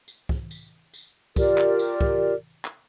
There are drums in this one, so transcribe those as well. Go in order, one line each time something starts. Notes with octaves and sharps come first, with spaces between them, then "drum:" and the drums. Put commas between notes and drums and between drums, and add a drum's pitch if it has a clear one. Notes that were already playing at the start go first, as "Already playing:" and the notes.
drum: tambourine
drum: kick
drum: tambourine
drum: tambourine
F4 G4 A#4 D5, drum: kick, tambourine
drum: clap
drum: tambourine
drum: kick
drum: clap